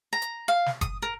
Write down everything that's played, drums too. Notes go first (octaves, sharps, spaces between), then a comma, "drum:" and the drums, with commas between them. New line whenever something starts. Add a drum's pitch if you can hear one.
A#5
drum: hi-hat
F5
drum: snare
D#6, drum: kick F#1, hi-hat
A#4